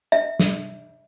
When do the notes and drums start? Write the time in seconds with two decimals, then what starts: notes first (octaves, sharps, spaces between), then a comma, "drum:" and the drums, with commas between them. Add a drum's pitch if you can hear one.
0.12 E5
0.40 drum: snare